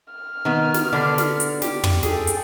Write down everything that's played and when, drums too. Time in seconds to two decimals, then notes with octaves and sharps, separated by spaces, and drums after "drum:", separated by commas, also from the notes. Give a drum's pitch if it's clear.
0.14 F6
0.45 D#3 B3
0.74 drum: snare
0.93 D3 B3 D4
1.18 drum: snare
1.40 drum: hi-hat
1.62 G4, drum: snare
1.84 drum: tom
2.03 G#4 A4 G5, drum: snare
2.27 drum: hi-hat